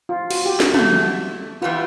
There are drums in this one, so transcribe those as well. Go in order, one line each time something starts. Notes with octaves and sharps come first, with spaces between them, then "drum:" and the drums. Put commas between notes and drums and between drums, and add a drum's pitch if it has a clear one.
F4
F#4, drum: cymbal
G4
F#4, drum: snare
F2 D3 F3 A3, drum: tom
E3 G3 B3 F4